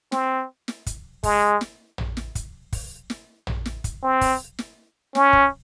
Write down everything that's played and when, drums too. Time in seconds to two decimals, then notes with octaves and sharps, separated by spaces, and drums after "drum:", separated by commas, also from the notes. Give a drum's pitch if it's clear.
0.12 C4, drum: snare
0.68 drum: snare
0.86 drum: kick, hi-hat
1.23 G#3, drum: kick, open hi-hat
1.61 drum: snare
1.98 drum: tom
2.17 drum: snare
2.35 drum: kick, hi-hat
2.73 drum: kick, open hi-hat
3.10 drum: snare
3.47 drum: tom
3.66 drum: snare
3.84 drum: kick, hi-hat
4.03 C4
4.21 drum: kick, open hi-hat
4.59 drum: snare
5.15 C#4, drum: snare
5.33 drum: kick